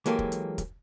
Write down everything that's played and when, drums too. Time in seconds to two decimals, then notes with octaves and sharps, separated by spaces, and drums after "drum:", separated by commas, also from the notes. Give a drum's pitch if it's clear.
0.06 E3 F#3 G#3 A#3 G4 A4, drum: hi-hat
0.19 drum: kick
0.32 drum: hi-hat
0.58 drum: kick, hi-hat